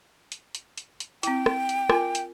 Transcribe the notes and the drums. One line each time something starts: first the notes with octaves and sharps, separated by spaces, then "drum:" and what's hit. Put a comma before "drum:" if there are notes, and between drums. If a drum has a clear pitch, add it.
drum: hi-hat
drum: hi-hat
drum: hi-hat
drum: hi-hat
C4 E4 G5, drum: hi-hat
drum: rim click
drum: hi-hat
F4 A#4 G#5, drum: rim click
drum: hi-hat